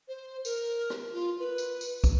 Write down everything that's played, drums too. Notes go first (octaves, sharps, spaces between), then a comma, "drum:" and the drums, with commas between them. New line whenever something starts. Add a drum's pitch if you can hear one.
C5
A#4, drum: tambourine
drum: rim click
F4
B4
drum: tambourine
drum: tambourine
drum: kick, tambourine